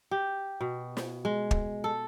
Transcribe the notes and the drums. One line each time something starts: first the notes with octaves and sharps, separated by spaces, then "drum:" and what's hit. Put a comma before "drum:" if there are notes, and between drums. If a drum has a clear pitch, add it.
G4
B2
drum: snare
G#3
drum: kick
A4